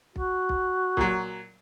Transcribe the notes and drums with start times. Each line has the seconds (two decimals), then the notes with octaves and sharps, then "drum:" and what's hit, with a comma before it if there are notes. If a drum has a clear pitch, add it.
0.16 F#4, drum: kick B1
0.49 drum: kick B1
0.97 A#2 F#3, drum: kick B1